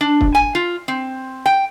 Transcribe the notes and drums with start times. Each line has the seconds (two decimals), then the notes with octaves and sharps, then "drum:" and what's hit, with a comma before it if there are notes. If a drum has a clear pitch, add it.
0.01 D4
0.21 drum: kick
0.35 G#5
0.55 F4
0.88 C4
1.46 G5